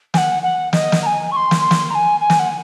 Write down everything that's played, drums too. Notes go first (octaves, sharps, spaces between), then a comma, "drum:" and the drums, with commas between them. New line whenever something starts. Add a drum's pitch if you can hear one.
G#5, drum: snare
F#5
F#5
D#5, drum: snare
drum: snare
A#5
G#5
C#6
C6
drum: snare
C6
drum: snare
A#5
G#5
G#5
drum: snare
F#5